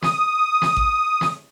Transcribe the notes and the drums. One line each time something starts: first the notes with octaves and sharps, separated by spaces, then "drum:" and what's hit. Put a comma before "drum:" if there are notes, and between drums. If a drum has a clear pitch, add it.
D#6, drum: snare
drum: snare
drum: kick A1
drum: snare